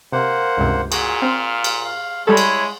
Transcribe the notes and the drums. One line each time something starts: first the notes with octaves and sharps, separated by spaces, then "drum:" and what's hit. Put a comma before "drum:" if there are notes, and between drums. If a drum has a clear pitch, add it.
C3 A#3 C5 F#5
C#2 G2 C3
A#2 F#4 G#4, drum: cymbal
C4 F5 F6
drum: cymbal
F5
G3 G#3 E4 A4 C#5 B5
drum: cymbal